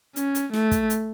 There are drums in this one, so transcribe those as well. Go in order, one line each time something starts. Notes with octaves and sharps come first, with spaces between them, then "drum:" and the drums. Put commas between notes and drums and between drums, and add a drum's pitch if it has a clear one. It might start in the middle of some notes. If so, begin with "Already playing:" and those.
C#4, drum: hi-hat
drum: hi-hat
A3, drum: snare
drum: kick, hi-hat
drum: hi-hat